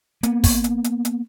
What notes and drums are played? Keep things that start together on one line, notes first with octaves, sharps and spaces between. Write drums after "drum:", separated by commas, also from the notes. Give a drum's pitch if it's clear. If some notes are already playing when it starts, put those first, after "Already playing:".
A#3 B3, drum: hi-hat
drum: kick, open hi-hat
drum: hi-hat
drum: hi-hat
drum: hi-hat